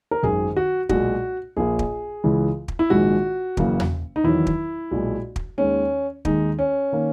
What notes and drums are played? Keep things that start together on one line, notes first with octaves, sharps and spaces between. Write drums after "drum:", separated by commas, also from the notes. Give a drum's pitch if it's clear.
A#4
G#1 F#2 D#3 G#4
F#4
B1 A#2 G#3 F#4, drum: kick
A#1 A#2 A#3 G#4
drum: kick
C#2 C#3 E3 G#3
drum: kick
E4
A#1 G#2 D#3 G#3 F#4
F#1 F#2 C#3 E3 A#3, drum: kick
drum: tom E2
D#4
E2 D#3 F#3 E4
drum: kick
B1 A#2 G#3
drum: kick
D#2 D#3 G#3 C#4
D#2 D#3 G#3 D#4, drum: kick
C#4
D#3 A#3